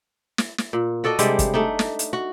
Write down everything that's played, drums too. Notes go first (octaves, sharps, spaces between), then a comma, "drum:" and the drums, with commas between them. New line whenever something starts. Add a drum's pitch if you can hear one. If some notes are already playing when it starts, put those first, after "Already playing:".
drum: snare
drum: snare
A#2
F#4 A4 D5 D#5
C3 G3 G#3 D4, drum: hi-hat
drum: kick, hi-hat
A3 D4 D#4
drum: snare
drum: hi-hat
F#4